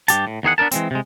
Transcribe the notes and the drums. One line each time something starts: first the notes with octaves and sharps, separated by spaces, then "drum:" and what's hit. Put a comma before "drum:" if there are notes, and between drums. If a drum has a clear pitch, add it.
G2 G4 A5, drum: hi-hat
A2
E2 D#3 G#4 F#5
B3 D4 D#4 A#4 A5
E3 G#3 C4, drum: hi-hat
C3 G#3